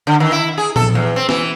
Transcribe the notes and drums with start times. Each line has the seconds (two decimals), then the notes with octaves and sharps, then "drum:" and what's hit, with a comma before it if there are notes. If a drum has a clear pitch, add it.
0.07 D3
0.20 D#3
0.32 E4
0.58 G#4
0.76 A4, drum: tom A#2
0.95 E2
1.16 C4
1.29 E3, drum: snare